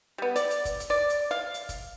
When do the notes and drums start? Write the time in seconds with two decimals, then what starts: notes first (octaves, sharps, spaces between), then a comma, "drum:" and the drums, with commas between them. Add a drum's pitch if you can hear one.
0.18 G3 B3
0.36 D5, drum: hi-hat
0.50 drum: hi-hat
0.65 drum: kick, hi-hat
0.80 drum: hi-hat
0.90 D5
1.10 drum: hi-hat
1.31 F5
1.54 drum: hi-hat
1.69 drum: kick, hi-hat